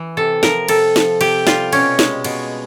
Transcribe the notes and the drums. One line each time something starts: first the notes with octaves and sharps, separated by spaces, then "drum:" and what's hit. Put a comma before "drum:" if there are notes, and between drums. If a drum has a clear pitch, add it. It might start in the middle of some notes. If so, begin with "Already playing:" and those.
Already playing: E3
C3 A4
F3 A#4, drum: snare
C3 A4, drum: cymbal
F3, drum: snare
C3 G4, drum: cymbal
G3 F4, drum: snare
B2 C#4, drum: cymbal
G#3, drum: snare
B2, drum: cymbal